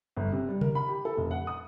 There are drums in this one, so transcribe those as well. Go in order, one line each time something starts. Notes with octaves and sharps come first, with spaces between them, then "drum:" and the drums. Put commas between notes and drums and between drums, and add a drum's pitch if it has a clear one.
G1
C3
G3
A#4, drum: tom C3
B5
G4
A4
F1
F#5
D#6